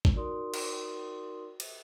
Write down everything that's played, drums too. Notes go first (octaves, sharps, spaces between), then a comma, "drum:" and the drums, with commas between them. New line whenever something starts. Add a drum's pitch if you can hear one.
drum: kick
D#4 F#4 A#4 D5 C6 D#6
drum: cymbal
drum: cymbal